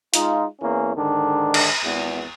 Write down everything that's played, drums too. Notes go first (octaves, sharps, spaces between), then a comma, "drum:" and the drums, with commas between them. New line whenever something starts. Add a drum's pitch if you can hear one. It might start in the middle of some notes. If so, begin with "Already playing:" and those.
G#3 D#4 F4, drum: hi-hat
E2 E3 A#3 C#4
G#2 D3 D#3 D4
drum: cymbal
G#1 E2